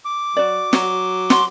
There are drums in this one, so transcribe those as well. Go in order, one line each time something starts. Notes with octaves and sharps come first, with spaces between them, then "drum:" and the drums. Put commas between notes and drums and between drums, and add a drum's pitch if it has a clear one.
D6
F#3 F#4 D5
F#3, drum: snare
F#4 C6, drum: snare